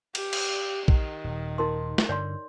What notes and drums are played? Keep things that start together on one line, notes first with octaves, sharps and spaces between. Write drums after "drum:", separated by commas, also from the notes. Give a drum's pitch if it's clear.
G4, drum: cymbal
drum: cymbal
D#3, drum: kick
D#1
D#4 A#4 C6
drum: snare
G2 D3 C#5 D5 C6